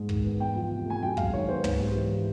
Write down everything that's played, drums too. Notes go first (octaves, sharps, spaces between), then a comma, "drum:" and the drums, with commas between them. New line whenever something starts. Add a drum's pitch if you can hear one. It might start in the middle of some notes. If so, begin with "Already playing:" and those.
Already playing: G#2 G#3
D#3, drum: kick
B3
E2 G5
F3
C3
A3 G#5
F#2 G5
G#3 F5, drum: kick
D#3 C#5
B3 C5
G#2, drum: tom
G3
E3